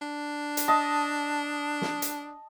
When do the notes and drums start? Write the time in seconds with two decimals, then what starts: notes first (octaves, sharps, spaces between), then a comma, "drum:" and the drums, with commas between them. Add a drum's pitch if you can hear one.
0.01 D4
0.57 drum: hi-hat
0.68 D#5 A5
1.82 drum: snare
2.02 drum: hi-hat